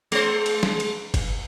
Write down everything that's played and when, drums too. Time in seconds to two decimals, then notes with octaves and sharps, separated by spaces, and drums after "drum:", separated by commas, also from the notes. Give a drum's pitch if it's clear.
0.12 G#3 C5, drum: cymbal
0.46 drum: cymbal
0.63 drum: snare
0.80 drum: cymbal
1.14 drum: kick F#1, cymbal